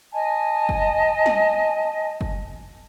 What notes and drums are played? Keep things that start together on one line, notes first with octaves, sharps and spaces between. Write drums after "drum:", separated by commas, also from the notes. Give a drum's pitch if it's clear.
D#5 G#5 A5
drum: kick
drum: snare
drum: kick